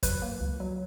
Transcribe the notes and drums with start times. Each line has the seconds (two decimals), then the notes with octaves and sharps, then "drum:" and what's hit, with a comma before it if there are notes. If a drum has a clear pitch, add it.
0.03 F#3 B4, drum: kick, hi-hat
0.22 A#3
0.41 C#2
0.60 F#3